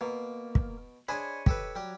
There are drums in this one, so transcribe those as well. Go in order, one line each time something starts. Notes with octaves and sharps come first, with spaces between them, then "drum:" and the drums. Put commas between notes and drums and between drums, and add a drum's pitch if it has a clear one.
B2 A#3
drum: kick
D4 G#4 C5 C#5 D#5 B5
G4 A4 B4, drum: kick
F#3 G3 G4